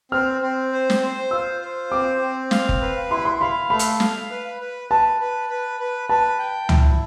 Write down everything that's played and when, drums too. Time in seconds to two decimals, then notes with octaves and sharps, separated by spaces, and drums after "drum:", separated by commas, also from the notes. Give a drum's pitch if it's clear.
0.12 C4 F6
0.42 C4
0.72 C5
0.90 drum: snare
1.02 C5
1.31 F4 E6
1.61 C5
1.91 C4 D6
2.22 C4
2.51 F5, drum: snare
2.69 drum: kick F#1
2.81 B4
3.11 E4 C6
3.17 B5
3.25 C6
3.41 F5 B5
3.70 A3 B5
3.79 drum: hi-hat
4.00 F5, drum: snare
4.30 B4
4.61 B4
4.90 B4 A5
5.20 B4
5.49 B4
5.80 B4
6.09 B4 A5
6.39 G5
6.69 E4, drum: tom C#2